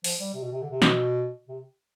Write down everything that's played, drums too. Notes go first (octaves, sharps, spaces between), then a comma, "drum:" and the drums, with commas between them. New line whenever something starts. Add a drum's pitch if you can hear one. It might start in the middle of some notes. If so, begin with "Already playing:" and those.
F3, drum: open hi-hat
G3
C3
B2
C3
D3
C3
B2, drum: snare
C3